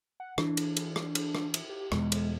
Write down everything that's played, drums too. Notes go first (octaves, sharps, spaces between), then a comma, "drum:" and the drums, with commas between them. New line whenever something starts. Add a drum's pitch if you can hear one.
F#5
E3 D4, drum: rim click
drum: cymbal
drum: cymbal
drum: rim click
drum: cymbal
drum: rim click
drum: cymbal
G4
E2 B2 G#3, drum: rim click
drum: cymbal